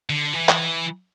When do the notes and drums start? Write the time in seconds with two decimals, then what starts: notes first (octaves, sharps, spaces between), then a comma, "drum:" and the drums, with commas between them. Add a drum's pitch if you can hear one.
0.10 D3
0.33 E3
0.49 drum: clap